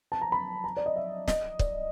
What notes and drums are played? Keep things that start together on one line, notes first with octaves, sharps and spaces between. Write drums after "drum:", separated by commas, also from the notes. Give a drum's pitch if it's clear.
A5
A#5
B5
A#5
D5
D#5
E5
D#5, drum: snare
D5, drum: kick